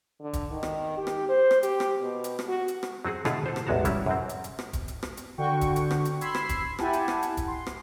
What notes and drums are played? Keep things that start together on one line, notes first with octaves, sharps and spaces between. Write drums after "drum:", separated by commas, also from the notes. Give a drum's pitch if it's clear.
D3
drum: kick E1, hi-hat
D#3
drum: rim click
G4
drum: rim click
C5
drum: rim click
G4, drum: hi-hat
drum: rim click
B2
drum: hi-hat
drum: rim click
F#4
drum: hi-hat
drum: rim click
F#3 C4 F#4 G#4
B2 D3 E4 F4 G#4 A4, drum: rim click
A4 C5
drum: rim click
A1 E2 G#3 F#4 A5 A#5
F#3 G3 C#4 E4, drum: kick E1, hi-hat
F#2 C4
drum: hi-hat
drum: hi-hat
drum: rim click
drum: kick E1, hi-hat
drum: hi-hat
drum: rim click
drum: hi-hat
D3 F#4 G5 C#6
drum: kick E1, hi-hat
drum: hi-hat
drum: rim click
drum: hi-hat
B5 C6 E6 G#6 B6 C7, drum: hi-hat
drum: rim click
drum: kick E1, hi-hat
E4 G4 F#5 G#5 A5 B5, drum: rim click
drum: hi-hat
drum: rim click
drum: hi-hat
drum: kick E1, hi-hat
C6
drum: rim click